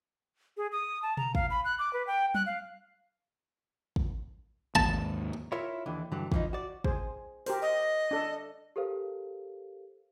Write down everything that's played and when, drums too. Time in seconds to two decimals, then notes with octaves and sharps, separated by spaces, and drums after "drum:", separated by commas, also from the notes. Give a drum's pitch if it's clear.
0.57 G#4
0.72 D#6
1.02 A5
1.17 A#5, drum: tom B2
1.35 F5, drum: kick
1.50 B5
1.65 F#6
1.79 D6
1.93 B4
2.07 G5
2.35 F#6, drum: tom F#3
2.46 F5
3.96 drum: kick
4.75 D#2 G#2 A5, drum: kick
5.52 E4 F4 A#4 C#5 E5
5.86 D#2 D3 E3
6.12 G2 D3 E3 F#3
6.32 E3 F3 D#4, drum: kick
6.53 F#4 D5
6.84 G#4 C5, drum: kick
7.46 G4 A#4 C5, drum: open hi-hat
7.62 D#5
8.11 D4 A4
8.76 G4 A4 A#4 C5 F5